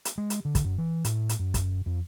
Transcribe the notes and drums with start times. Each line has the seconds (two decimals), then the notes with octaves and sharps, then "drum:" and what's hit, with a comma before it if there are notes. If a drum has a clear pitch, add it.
0.05 drum: hi-hat
0.18 G#3
0.30 drum: hi-hat
0.45 D3
0.55 drum: kick, hi-hat
0.65 F#2
0.78 E3
1.05 A2, drum: hi-hat
1.29 drum: hi-hat
1.39 F#2
1.54 drum: kick, hi-hat
1.86 F2